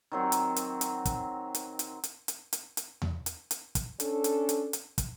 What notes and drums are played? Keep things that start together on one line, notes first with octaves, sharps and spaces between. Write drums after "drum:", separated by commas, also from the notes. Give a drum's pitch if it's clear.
D#3 F#3 C4
drum: hi-hat
drum: hi-hat
drum: hi-hat
drum: kick, hi-hat
drum: hi-hat
drum: hi-hat
drum: hi-hat
drum: hi-hat
drum: hi-hat
drum: hi-hat
drum: tom E2
drum: hi-hat
drum: hi-hat
drum: kick, hi-hat
C#4 D4 A4, drum: hi-hat
drum: hi-hat
drum: hi-hat
drum: hi-hat
drum: kick, hi-hat